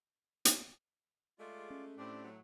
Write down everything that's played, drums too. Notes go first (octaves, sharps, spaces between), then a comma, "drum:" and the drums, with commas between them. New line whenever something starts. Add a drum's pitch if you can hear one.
drum: hi-hat
G#3 A3 F4 D5
C#4
A2 C4 D4 G4 D5
F#3